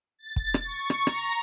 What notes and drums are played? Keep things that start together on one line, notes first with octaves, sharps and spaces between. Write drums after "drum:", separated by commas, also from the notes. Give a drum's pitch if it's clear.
A6
drum: kick
drum: rim click
C#6
drum: rim click
A#5, drum: rim click